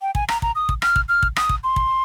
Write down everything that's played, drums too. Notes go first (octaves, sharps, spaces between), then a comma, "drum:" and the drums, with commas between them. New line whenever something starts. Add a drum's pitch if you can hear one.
G5
G#5, drum: kick
A#5, drum: rim click
A#5, drum: kick
D#6
drum: kick
F6, drum: rim click
drum: kick
F6
drum: kick
D#6, drum: rim click
drum: kick
C6
drum: kick